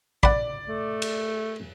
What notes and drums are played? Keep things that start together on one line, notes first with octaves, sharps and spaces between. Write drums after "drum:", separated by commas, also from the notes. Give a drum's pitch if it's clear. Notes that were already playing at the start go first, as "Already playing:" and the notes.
D5 F#5 B5, drum: kick A1
A3
drum: cymbal